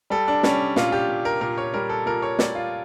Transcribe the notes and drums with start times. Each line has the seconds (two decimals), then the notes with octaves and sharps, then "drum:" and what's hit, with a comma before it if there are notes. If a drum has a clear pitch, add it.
0.10 G3 A4
0.28 D4
0.43 G3 C#4, drum: snare
0.76 A#2 F4, drum: snare
0.92 G4
1.09 A#2
1.25 A#4
1.41 A#2 A#4
1.58 C#5
1.74 G3 A#4
1.89 A4
2.06 A#2 A#4
2.22 C#5
2.39 G3 D5, drum: snare
2.55 F4